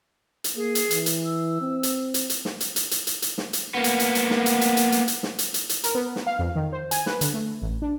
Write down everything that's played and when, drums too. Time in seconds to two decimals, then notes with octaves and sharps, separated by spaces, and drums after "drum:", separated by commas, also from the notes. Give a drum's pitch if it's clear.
0.44 drum: hi-hat
0.55 A#3 G#4
0.75 drum: hi-hat
0.91 E3, drum: hi-hat
1.06 drum: hi-hat
1.25 E6
1.61 C4
1.83 drum: hi-hat
2.14 drum: hi-hat
2.30 drum: hi-hat
2.45 drum: snare
2.60 drum: hi-hat
2.76 drum: hi-hat
2.91 drum: hi-hat
3.07 drum: hi-hat
3.22 drum: hi-hat
3.38 drum: snare
3.53 drum: hi-hat
3.74 A#3 B3
3.84 drum: hi-hat
4.00 drum: hi-hat
4.15 drum: hi-hat
4.30 drum: snare
4.46 drum: hi-hat
4.61 drum: hi-hat
4.77 drum: hi-hat
4.92 drum: hi-hat
5.08 drum: hi-hat
5.23 drum: snare
5.39 drum: hi-hat
5.54 drum: hi-hat
5.69 drum: hi-hat
5.84 A#4, drum: hi-hat
5.95 B3
6.16 drum: snare
6.27 F5
6.39 F2
6.55 D#3
6.72 C5
6.91 G#5, drum: hi-hat
7.06 B4, drum: snare
7.21 D3, drum: hi-hat
7.34 A3
7.62 A1
7.82 D4